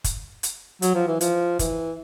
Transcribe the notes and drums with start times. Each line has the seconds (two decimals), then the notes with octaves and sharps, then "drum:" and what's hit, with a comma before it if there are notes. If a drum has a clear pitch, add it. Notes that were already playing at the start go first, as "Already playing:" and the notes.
0.04 drum: kick, hi-hat
0.43 drum: hi-hat
0.82 F#3, drum: hi-hat
0.95 F3
1.08 E3
1.21 F3, drum: hi-hat
1.59 E3, drum: kick, hi-hat